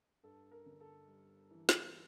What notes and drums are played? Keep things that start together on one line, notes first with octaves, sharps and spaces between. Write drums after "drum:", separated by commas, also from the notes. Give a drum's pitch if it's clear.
G2 A4
A#4
G1
A4
G3
E3
drum: snare